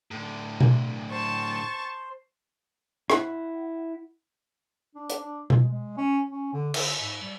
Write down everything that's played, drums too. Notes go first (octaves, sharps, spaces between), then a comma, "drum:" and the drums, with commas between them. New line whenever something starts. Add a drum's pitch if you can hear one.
A2 D3
drum: tom B2
C5 A5 C#6
E4 F#5, drum: rim click
D4
drum: hi-hat
D4
G#3, drum: tom B2
G#3
C#4
C#4
D3
D3, drum: cymbal
G#2
G3